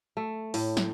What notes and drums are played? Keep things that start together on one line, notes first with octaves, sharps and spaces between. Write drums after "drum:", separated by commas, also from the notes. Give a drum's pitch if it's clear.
A3
A2, drum: open hi-hat
drum: snare